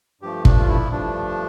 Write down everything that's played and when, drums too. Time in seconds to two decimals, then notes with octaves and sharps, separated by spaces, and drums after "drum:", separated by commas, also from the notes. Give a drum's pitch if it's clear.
0.21 G2 F3 A3 G4
0.45 D4, drum: kick
0.59 F4
0.68 E4
0.91 G2 F3 A3 D4